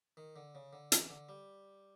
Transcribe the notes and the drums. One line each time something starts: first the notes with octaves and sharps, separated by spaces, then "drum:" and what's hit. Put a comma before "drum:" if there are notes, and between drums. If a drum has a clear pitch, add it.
D#3
D3
C#3
D3
E3, drum: hi-hat
D3
G3